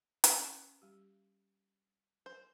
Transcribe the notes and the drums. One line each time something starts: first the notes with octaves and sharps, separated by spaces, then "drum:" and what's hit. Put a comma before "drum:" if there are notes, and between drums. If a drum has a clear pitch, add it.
C#4, drum: hi-hat
G3 G4
A#4 C5 G#5